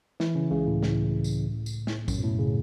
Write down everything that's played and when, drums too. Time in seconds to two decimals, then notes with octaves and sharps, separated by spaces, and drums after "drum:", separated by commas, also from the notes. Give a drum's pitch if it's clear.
0.20 E3 E4, drum: snare
0.35 C#3 C#4
0.51 C#2 C#3
0.66 A2
0.83 drum: snare
1.24 drum: tambourine
1.66 drum: tambourine
1.87 drum: snare
2.08 F#2, drum: kick, tambourine
2.18 B2
2.23 A2
2.39 C#3